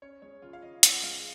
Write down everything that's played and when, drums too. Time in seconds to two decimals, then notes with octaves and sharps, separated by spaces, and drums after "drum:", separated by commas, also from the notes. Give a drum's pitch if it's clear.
0.02 C#4 C#5
0.22 G#3 C#5
0.42 C#3 F4
0.53 F5
0.62 C#3 D#5
0.83 C#4 F#5, drum: hi-hat
1.03 G#3 F5